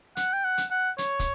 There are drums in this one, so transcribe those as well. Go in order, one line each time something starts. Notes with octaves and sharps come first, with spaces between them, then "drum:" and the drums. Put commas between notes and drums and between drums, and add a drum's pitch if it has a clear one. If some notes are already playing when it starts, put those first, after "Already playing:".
F#5, drum: hi-hat
G5
F#5
drum: hi-hat
F#5
C#5, drum: hi-hat
drum: kick, hi-hat